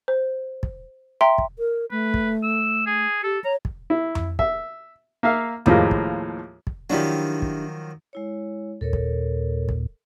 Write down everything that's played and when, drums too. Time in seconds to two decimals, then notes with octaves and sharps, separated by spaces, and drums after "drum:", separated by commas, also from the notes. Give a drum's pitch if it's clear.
0.08 C5
0.63 drum: kick
1.21 E5 G5 A#5 C6
1.38 drum: kick
1.59 A#4
1.91 A3 B4
2.14 drum: kick
2.43 E6
2.86 G#4
3.24 G4 A4
3.44 C#5 A#5
3.65 drum: kick
3.90 E4
4.15 drum: tom F2
4.39 E5, drum: kick
5.23 A#3 E5 F5
5.66 D#2 A2 F3 G#3 A#3, drum: tom F2
5.91 drum: kick
6.67 drum: kick
6.90 D#3 F3 F#3 D4 E4 G4
7.42 drum: kick
8.13 G#3 E4 C#5
8.81 D#2 A#2 A4 A#4 C#5
8.93 drum: kick
9.69 drum: kick